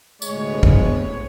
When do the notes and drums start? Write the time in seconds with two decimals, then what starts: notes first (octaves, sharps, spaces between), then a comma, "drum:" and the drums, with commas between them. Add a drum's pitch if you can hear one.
0.22 D2 A2 C3 G#3 B3 C#5, drum: tambourine
0.63 drum: kick